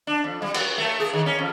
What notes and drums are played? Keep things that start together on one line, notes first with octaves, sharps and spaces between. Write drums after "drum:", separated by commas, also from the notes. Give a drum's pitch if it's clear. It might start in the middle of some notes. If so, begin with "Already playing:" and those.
D4
F2
G3
F#4, drum: cymbal
A3
G#4
D#3
C#4
F2